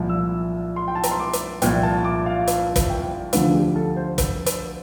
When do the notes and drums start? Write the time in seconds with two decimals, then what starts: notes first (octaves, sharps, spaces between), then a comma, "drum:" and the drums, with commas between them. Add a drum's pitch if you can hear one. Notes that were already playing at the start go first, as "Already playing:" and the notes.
Already playing: C2 A#2 F3
0.09 E6
0.76 C6
0.88 G5
0.95 A5
1.03 A#5, drum: hi-hat
1.11 C6
1.19 D6
1.33 drum: hi-hat
1.62 C2 A#2 F3 G5, drum: hi-hat
1.83 A5
2.04 D6
2.26 F5
2.47 F5, drum: hi-hat
2.76 drum: kick, hi-hat
2.90 G5
3.33 D2 D3 F3 F5, drum: hi-hat
3.54 G4
3.76 A4
3.96 C5
4.18 drum: kick, hi-hat
4.46 drum: hi-hat